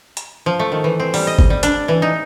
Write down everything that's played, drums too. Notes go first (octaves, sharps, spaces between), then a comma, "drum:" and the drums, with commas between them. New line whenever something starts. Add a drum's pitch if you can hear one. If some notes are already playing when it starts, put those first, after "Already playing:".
drum: hi-hat
F3
A3
D#3
E3
C4
G3, drum: open hi-hat
D#5
drum: kick G1
G3
D4, drum: hi-hat
E3
D#4